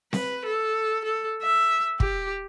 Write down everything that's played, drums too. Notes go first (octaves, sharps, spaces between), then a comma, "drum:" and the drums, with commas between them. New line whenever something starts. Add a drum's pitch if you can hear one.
B4, drum: snare C4
A4
A4
E5
G4, drum: kick